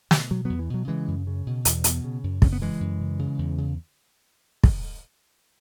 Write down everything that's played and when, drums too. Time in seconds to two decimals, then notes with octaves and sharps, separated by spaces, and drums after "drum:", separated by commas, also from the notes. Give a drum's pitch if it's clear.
0.11 B2, drum: snare
0.31 B2 F#3
0.45 E2 F#3 B3
0.59 E3
0.70 B2 F#3
0.88 C#3 E3 G#3
1.08 F#2
1.27 C#3
1.47 B2
1.65 E2, drum: hi-hat
1.84 B2, drum: hi-hat
2.04 C#3
2.24 F#2
2.42 C#3 C#4, drum: kick
2.52 B3
2.61 C#3 E3 G#3
2.80 F#2
3.00 C#3
3.19 C#3
3.38 E2
3.58 C#3
4.64 drum: kick